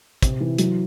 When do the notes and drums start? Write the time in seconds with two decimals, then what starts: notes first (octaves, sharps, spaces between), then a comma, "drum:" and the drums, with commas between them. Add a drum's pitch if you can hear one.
0.22 C3, drum: kick, hi-hat
0.40 E3
0.58 F#3, drum: hi-hat